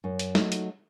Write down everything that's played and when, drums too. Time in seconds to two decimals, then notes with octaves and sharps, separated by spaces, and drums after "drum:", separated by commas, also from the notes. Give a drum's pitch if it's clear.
0.04 F#2
0.19 drum: hi-hat
0.35 F#3 A3 D#4, drum: snare
0.52 drum: hi-hat